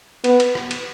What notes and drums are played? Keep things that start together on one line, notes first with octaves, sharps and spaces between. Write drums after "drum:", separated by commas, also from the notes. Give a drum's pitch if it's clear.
B3, drum: cymbal
drum: cymbal
drum: rim click
drum: cymbal